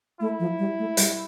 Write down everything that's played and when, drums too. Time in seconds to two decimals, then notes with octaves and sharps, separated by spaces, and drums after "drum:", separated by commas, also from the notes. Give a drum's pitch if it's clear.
0.19 A3 E4
0.40 F3
0.59 G3
0.79 A3
0.97 G3, drum: hi-hat